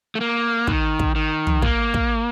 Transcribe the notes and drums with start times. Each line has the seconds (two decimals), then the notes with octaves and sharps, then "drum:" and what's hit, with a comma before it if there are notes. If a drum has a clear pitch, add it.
0.15 A3
0.21 A#3
0.67 D#3, drum: kick
0.99 drum: kick
1.15 D#3
1.47 drum: tom
1.62 A#3, drum: kick
1.94 drum: kick